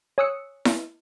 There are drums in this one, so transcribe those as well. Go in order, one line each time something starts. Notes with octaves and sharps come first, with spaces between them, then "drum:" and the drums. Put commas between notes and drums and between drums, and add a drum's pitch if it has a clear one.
C#5 G#5 D#6 E6 F#6 C#7
drum: snare E4